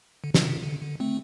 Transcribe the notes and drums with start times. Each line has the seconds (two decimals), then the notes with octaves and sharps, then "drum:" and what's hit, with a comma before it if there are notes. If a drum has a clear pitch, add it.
0.24 D3
0.34 D3, drum: snare
0.43 C3 D#3
0.63 D3
0.82 D3
1.00 A3 C4